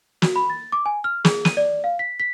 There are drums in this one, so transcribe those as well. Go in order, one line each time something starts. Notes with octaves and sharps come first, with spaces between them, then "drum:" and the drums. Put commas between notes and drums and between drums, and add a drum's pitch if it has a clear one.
F#4, drum: snare
B5
A6
D6
G#5
F6
G#4, drum: snare
D#7, drum: snare
D5
F5
B6
B6